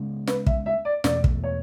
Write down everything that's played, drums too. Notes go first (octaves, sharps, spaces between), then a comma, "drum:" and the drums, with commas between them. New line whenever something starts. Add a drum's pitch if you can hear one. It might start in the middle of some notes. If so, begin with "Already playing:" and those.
Already playing: C#3 G#3 B3
B4, drum: snare
E5, drum: kick
E5
D5
E2 B2 A3 D5, drum: snare
drum: kick
C#5